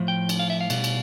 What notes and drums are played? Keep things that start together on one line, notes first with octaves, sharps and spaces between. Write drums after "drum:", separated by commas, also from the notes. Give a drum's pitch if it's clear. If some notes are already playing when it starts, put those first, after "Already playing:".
Already playing: A2 F3
G5
drum: cymbal
F5
E5
F5
B2 G3, drum: cymbal
drum: cymbal